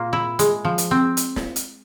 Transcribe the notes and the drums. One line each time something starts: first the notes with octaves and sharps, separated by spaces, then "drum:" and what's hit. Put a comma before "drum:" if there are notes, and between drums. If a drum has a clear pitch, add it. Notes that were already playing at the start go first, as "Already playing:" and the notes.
Already playing: A#2 A#3 F4
E4
G#3, drum: hi-hat
F3
drum: hi-hat
C4
drum: hi-hat
drum: snare
drum: hi-hat